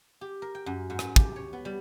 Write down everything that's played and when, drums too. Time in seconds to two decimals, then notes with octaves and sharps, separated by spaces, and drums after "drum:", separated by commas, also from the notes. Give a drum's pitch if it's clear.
0.21 G4
0.42 A#4
0.55 G5
0.66 F#2
0.90 G#2
0.99 drum: rim click
1.16 G4, drum: kick
1.36 C#5
1.53 B3
1.65 G3